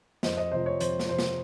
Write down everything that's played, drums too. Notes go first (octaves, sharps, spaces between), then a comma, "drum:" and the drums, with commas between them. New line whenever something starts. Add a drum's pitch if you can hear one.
F2 C5 D#5, drum: snare
C5 D#5
C3 F3 C5 D#5
C#5
F2 C5, drum: hi-hat
drum: snare
C3 F3 C5
drum: snare